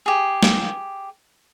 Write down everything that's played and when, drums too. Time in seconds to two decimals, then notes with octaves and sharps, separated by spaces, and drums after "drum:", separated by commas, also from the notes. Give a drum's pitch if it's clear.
0.06 G4 G#4
0.43 drum: snare G#3